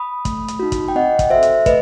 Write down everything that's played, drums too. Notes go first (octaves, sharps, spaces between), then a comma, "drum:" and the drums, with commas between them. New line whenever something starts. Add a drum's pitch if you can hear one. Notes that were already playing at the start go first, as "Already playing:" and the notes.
Already playing: B5 D#6
A3, drum: kick, hi-hat
drum: hi-hat
D#4 F#4
drum: kick, hi-hat
G5
C4 D#5 F#5
drum: kick, hi-hat
F#4 A4 C5 E5
drum: hi-hat
A3 B4 D#5, drum: kick, hi-hat